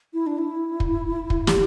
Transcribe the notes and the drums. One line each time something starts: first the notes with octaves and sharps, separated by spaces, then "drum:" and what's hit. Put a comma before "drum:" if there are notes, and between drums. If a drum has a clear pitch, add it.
E4
D4
E4
drum: kick
drum: kick
G4, drum: snare